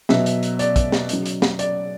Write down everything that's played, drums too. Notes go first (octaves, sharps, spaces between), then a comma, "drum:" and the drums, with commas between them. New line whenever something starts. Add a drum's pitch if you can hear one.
B2 F#3 E5, drum: snare
drum: hi-hat
drum: hi-hat
D5, drum: hi-hat
drum: kick, hi-hat
drum: snare
C#3 F#3, drum: hi-hat
drum: hi-hat
drum: snare
D5, drum: hi-hat